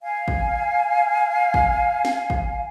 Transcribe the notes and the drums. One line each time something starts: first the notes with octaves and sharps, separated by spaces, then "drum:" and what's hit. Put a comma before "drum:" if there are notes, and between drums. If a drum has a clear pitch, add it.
F5 G#5
drum: kick
drum: kick
drum: snare
drum: kick